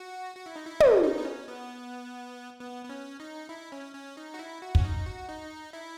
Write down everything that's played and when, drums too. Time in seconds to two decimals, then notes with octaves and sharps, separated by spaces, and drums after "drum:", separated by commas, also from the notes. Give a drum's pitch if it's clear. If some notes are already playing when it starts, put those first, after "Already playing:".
Already playing: F#4
0.36 F#4
0.46 E4
0.56 D#4
0.66 E4
0.80 C#4, drum: tom
1.03 D#4
1.18 B3
1.25 C#4
1.48 B3
2.61 B3
2.85 B3
2.89 C#4
3.20 D#4
3.49 E4
3.72 C#4
3.95 C#4
4.17 D#4
4.34 F#4
4.39 E4
4.62 F#4
4.75 C#4, drum: kick
4.84 D#4
5.06 F#4
5.29 D#4
5.73 E4